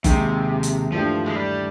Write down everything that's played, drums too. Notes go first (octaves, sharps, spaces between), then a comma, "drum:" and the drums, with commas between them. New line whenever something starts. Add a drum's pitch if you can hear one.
D#2 C3 D#3 G#3, drum: kick F#1, hi-hat
drum: hi-hat
G2 E3 F3 A3 D4 G4
G#3
G3